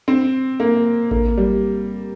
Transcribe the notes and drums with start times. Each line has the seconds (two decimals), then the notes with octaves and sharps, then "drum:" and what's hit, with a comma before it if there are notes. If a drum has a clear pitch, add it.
0.08 C4
0.60 A#3
1.11 A#3, drum: kick A1
1.37 G3